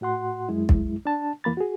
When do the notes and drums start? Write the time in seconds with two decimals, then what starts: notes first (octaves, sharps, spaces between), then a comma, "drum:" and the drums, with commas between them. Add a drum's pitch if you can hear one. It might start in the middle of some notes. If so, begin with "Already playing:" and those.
0.01 A2 F#4 F#5 C6
0.49 F#2 G#3 E4
0.69 drum: kick
1.05 D4 A5
1.44 F2 E3 A#3 B5 A6
1.57 F#4 G#4